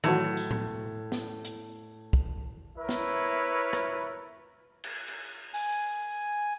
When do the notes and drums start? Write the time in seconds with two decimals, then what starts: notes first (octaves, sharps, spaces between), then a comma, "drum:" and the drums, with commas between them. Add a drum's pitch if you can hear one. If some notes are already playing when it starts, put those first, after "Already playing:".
0.04 A2 D#3 E3 F#3, drum: rim click
0.37 drum: tambourine
0.51 drum: tom A2
1.12 drum: snare
1.45 drum: hi-hat
2.13 drum: kick
2.77 E4 A#4 B4 C#5 E5
2.89 drum: snare
3.73 drum: rim click
4.84 drum: cymbal
5.08 drum: cymbal
5.54 G#5, drum: open hi-hat